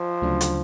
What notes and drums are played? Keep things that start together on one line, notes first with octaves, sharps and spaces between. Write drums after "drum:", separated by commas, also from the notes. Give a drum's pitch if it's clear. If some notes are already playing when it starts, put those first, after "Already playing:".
Already playing: F3
D2 C#3 F#3 A3 D4
drum: hi-hat